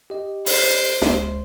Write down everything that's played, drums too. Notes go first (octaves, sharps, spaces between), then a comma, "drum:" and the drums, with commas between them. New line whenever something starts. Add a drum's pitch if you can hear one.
G4 D#5
C5, drum: open hi-hat
C#2, drum: snare